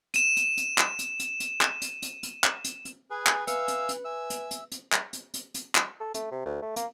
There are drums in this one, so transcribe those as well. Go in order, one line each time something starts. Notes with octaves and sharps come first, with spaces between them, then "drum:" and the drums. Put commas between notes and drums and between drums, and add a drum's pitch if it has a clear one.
D#7 E7, drum: hi-hat
drum: hi-hat
drum: hi-hat
drum: clap
drum: hi-hat
drum: hi-hat
drum: hi-hat
drum: clap
drum: hi-hat
drum: hi-hat
drum: hi-hat
drum: clap
drum: hi-hat
drum: hi-hat
G#4 B4 G#5
drum: clap
B4 E5 F5 E6, drum: hi-hat
drum: hi-hat
drum: hi-hat
E5 G#5 E6
drum: hi-hat
drum: hi-hat
drum: hi-hat
drum: clap
drum: hi-hat
drum: hi-hat
drum: hi-hat
drum: clap
A4
A3, drum: hi-hat
C3
D2
A3
A#3, drum: hi-hat